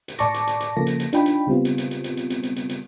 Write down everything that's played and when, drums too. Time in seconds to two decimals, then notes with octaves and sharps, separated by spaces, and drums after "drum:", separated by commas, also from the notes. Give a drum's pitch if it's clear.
0.08 drum: hi-hat
0.19 A2 D5 A5 C#6 D6 A#6, drum: hi-hat
0.34 drum: hi-hat
0.47 drum: hi-hat
0.60 drum: hi-hat
0.77 C#3 F3 A#3 A4 A#6
0.87 drum: hi-hat
1.00 drum: hi-hat
1.13 D4 D#4 F4 G5 B5, drum: hi-hat
1.26 drum: hi-hat
1.47 C#3 G3 B3 C4 F4
1.65 drum: hi-hat
1.78 drum: hi-hat
1.91 drum: hi-hat
2.04 drum: hi-hat
2.17 drum: hi-hat
2.30 drum: hi-hat
2.43 drum: hi-hat
2.56 drum: hi-hat
2.69 drum: hi-hat